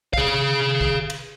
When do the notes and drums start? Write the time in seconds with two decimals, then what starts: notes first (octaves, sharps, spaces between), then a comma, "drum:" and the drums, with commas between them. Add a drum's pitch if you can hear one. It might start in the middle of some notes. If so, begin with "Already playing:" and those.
0.14 G#4 F5, drum: kick
0.81 drum: kick
1.10 drum: cymbal